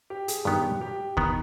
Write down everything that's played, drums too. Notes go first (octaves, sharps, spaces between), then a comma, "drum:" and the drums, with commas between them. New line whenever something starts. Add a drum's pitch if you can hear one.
G4
G#4, drum: hi-hat
G2 D#3 B3 G4
G4
D#3 B3 D#4, drum: kick D2